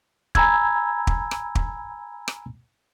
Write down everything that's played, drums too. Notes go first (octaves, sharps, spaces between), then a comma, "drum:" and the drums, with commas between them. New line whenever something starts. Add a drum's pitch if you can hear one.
G#5 A#5 B5 E6 G#6, drum: kick
drum: kick
drum: rim click
drum: kick
drum: rim click